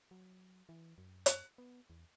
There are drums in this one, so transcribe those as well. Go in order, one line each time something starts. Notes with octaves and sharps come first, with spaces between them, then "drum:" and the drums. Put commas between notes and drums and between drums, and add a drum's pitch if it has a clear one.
F#3
E3
F#2
drum: hi-hat
B3
E2